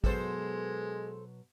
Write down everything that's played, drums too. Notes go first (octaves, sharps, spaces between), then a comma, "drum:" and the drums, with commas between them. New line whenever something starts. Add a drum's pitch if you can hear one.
B2 F#3 G#3 A4 B4 C5, drum: kick